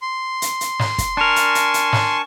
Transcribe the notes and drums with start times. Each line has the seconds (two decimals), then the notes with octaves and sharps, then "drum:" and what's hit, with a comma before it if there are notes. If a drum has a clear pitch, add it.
0.02 C6
0.42 drum: hi-hat
0.61 drum: hi-hat
0.80 drum: snare
0.98 drum: kick, hi-hat
1.17 D4 A#4 G#5 A5 C#6
1.36 drum: hi-hat
1.55 drum: hi-hat
1.74 drum: hi-hat
1.93 drum: snare